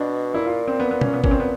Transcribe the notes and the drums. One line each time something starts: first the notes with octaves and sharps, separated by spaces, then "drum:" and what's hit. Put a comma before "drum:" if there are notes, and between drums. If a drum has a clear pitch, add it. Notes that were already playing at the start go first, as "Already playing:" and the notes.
Already playing: B2 D4
A#2 E4
F4
C4
B3
B3
C#4, drum: tom B2
B3
A#2 C#4, drum: kick
C4
B3